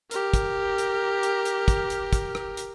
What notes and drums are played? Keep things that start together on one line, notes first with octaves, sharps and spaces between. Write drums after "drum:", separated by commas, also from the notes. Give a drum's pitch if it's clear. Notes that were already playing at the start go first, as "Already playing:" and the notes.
G4 A#4, drum: hi-hat
drum: kick, hi-hat
drum: hi-hat
drum: hi-hat
drum: hi-hat
drum: kick, hi-hat
drum: hi-hat
drum: kick, hi-hat
drum: rim click
drum: hi-hat